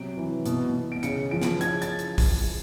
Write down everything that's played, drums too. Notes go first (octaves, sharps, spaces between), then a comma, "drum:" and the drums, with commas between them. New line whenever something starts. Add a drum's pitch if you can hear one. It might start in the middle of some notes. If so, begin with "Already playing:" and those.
Already playing: C3 F#3 D7
E3
B2, drum: hi-hat
B2
D7
C#3 C#7, drum: hi-hat
F3 D7
drum: snare
C#3 G#6, drum: hi-hat
A6, drum: hi-hat
drum: hi-hat
drum: kick, open hi-hat
drum: open hi-hat